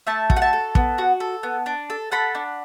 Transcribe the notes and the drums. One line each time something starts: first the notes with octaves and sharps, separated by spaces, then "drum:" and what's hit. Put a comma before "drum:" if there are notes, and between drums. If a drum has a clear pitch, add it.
A3 E5 A5
F#4, drum: kick
F#5
E5 A5
A4
B3, drum: kick
F#4
A4
B3
D4
A4
A4 F#5 B5
D4